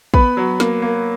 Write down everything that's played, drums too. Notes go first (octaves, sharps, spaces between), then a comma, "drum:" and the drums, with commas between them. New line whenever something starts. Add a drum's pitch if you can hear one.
B3 B4 B5, drum: kick
F#3
A#3, drum: snare
A#3